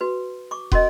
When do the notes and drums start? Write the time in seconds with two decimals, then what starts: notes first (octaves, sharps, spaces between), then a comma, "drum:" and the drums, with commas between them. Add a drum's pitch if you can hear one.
0.01 F#4 B4
0.51 C#6 D6
0.72 C#4 F#4 A#4 D#5, drum: kick